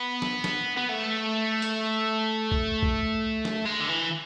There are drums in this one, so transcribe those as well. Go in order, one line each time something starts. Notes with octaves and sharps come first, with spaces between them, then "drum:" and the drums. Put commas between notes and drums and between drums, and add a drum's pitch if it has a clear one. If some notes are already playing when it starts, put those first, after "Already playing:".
Already playing: B3
drum: snare
drum: snare
B3
A3
drum: hi-hat
drum: kick
drum: kick
drum: snare
G#3
D3
E3